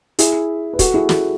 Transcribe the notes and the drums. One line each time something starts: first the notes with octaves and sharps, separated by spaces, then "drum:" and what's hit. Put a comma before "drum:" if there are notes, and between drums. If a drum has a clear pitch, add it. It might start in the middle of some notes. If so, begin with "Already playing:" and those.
E4 G#4, drum: hi-hat
B4
F#4 A4, drum: kick, hi-hat
E4 G#4
F#4 A4, drum: snare